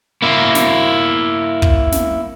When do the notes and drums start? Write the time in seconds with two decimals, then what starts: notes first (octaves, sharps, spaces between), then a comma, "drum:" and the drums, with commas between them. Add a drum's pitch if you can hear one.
0.22 A#3 E4
0.55 drum: snare
1.62 drum: kick
1.92 drum: snare